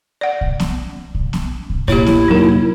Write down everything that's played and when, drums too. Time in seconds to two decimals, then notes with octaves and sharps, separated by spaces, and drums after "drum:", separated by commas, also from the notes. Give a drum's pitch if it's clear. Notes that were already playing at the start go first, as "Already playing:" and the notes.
0.21 D5 F#5
0.41 drum: kick
0.60 drum: snare B3
1.15 drum: kick
1.33 drum: snare B3
1.70 drum: kick
1.88 A#2 E4 G4 C#5, drum: kick
2.06 drum: snare B3
2.28 F1 F#3 A#3 D#4 A#4